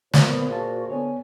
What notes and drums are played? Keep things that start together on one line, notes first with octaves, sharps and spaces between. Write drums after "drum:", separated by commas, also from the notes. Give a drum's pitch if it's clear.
A#2 B3 C5, drum: snare
F#4 G#4 F5 A5
D3 B3 C#5 G#5